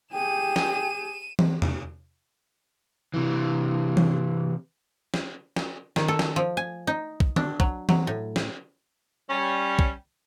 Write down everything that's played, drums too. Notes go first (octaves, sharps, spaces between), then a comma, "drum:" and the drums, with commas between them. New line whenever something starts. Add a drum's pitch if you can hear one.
G4 G#4 G5 D#7 E7
drum: snare
drum: tom E3
drum: tom
C3 E3
drum: tom E3
drum: snare
drum: snare
D#3, drum: snare
A4
drum: snare
F3
G#5
D#4
drum: kick
D4, drum: tom
F#3, drum: kick
F#3, drum: tom E3
A2
drum: snare
G3 C#4
drum: kick